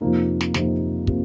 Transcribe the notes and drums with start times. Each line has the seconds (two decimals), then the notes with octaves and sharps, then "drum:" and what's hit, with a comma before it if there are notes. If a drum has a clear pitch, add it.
0.01 F2 C3 F3 A#3 D#4
0.41 drum: snare
0.54 F2 C3 F3 A#3 D#4, drum: snare
1.07 C3 F3 A#3, drum: kick